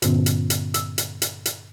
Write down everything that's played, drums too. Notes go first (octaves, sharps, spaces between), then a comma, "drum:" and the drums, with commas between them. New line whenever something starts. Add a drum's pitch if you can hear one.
G2 A#2 D3 B3 C#4, drum: hi-hat
drum: hi-hat
drum: hi-hat
E6, drum: hi-hat
drum: hi-hat
drum: hi-hat
drum: hi-hat